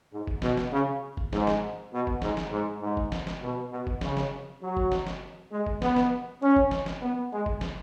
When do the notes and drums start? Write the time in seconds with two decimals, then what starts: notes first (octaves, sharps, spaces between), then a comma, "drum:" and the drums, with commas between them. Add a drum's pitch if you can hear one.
0.12 G#2
0.27 drum: kick F#1
0.42 B2, drum: snare
0.57 drum: snare
0.72 C#3
1.17 drum: kick F#1
1.33 G#2, drum: snare
1.47 drum: snare
1.93 B2
2.07 drum: kick F#1
2.22 G#2, drum: snare
2.37 drum: snare
2.52 G#2
2.82 G#2
2.97 drum: kick F#1
3.12 drum: snare
3.27 drum: snare
3.42 B2
3.71 B2
3.87 drum: kick F#1
4.01 C#3, drum: snare
4.17 drum: snare
4.62 F#3
4.77 drum: kick F#1
4.92 drum: snare
5.07 drum: snare
5.51 G#3
5.67 drum: kick F#1
5.82 B3, drum: snare
5.96 drum: snare
6.42 C#4
6.56 drum: kick F#1
6.71 drum: snare
6.86 drum: snare
7.02 B3
7.31 G#3
7.46 drum: kick F#1
7.61 drum: snare